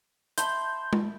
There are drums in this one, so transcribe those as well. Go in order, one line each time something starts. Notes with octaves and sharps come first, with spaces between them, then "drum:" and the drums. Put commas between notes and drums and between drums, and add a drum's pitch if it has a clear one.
E5 A5 B5 C6 G6, drum: hi-hat
drum: tom G#3